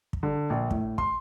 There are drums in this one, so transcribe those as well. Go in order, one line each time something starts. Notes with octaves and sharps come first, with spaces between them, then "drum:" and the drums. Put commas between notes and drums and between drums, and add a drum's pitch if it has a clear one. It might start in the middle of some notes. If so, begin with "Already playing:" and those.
drum: kick
D3
A#1
A2, drum: kick
C6, drum: kick